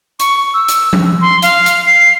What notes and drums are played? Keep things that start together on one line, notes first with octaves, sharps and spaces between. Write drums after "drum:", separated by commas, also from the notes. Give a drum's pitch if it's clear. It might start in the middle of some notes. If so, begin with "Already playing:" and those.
C#6, drum: hi-hat
E6
drum: hi-hat
drum: tom F3
C6
F5, drum: hi-hat
drum: hi-hat
C7